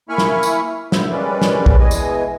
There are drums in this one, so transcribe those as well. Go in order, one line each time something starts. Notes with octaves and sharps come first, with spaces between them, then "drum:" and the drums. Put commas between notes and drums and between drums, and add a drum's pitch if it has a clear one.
A#3 E4 G#5 B5 C#6 F6
drum: snare
drum: tambourine
D3 D#3 E4 C5 E5, drum: snare
G3 G#3 A#3 C#4 B4 D5
drum: snare
drum: kick
B2 E3 G#3 D#5 G#5
drum: tambourine